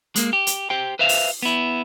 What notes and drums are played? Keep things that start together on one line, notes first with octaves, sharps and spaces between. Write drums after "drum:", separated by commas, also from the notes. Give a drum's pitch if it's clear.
G#3 A#3, drum: hi-hat
G4
drum: hi-hat
G4 C5 G5
B4 C5 E5 F5
drum: open hi-hat
B3 E4